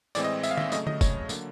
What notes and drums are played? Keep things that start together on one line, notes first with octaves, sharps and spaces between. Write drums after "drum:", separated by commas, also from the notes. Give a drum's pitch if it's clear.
A2 E3 G#3 C4 D5, drum: tambourine
D#5
E5, drum: tambourine
F5
E5, drum: snare
C#3 F#3 A3 D#5, drum: tambourine
D#5, drum: tom D3
C#5, drum: kick, tambourine
D3 F#3 A#3, drum: tambourine